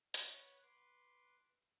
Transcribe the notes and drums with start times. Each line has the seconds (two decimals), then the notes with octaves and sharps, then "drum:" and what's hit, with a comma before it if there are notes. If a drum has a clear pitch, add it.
0.14 B4 C#5 F#5, drum: hi-hat
0.63 B4 C6 D6